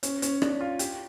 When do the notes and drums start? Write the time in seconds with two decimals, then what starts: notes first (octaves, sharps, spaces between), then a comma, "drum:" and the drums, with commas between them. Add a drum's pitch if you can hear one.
0.03 C#4, drum: hi-hat
0.22 C#4, drum: hi-hat
0.42 D4, drum: rim click
0.61 F4
0.79 G4, drum: hi-hat